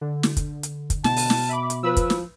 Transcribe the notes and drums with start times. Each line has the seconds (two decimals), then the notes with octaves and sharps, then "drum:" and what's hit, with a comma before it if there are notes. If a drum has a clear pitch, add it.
0.01 D3
0.23 drum: snare
0.37 drum: kick, hi-hat
0.63 drum: hi-hat
0.90 drum: kick, hi-hat
1.04 B2 A5, drum: snare
1.17 drum: open hi-hat
1.30 drum: snare
1.49 E5 B5 D6
1.70 drum: hi-hat
1.83 F3 B4 B5 E6
1.97 drum: kick, hi-hat
2.10 drum: snare